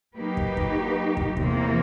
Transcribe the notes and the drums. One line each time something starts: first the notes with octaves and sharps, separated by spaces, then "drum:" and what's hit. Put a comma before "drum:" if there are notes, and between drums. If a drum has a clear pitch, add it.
F#3 A#3 D#4 G4 B4
drum: kick
drum: kick
drum: kick
E2 C3 F3 A#3, drum: kick